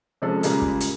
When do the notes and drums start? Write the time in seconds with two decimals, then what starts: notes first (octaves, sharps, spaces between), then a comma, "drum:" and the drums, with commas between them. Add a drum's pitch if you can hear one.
0.22 C3 F3 G#3 C#4 A4
0.43 A#2 C#3 G3 G#3 A#3, drum: hi-hat
0.62 drum: kick
0.80 drum: hi-hat